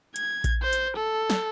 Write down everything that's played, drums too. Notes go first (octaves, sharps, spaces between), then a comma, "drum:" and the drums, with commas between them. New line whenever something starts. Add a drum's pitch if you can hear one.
G#6, drum: hi-hat
drum: kick A#1, hi-hat
C5
drum: hi-hat
A4
drum: snare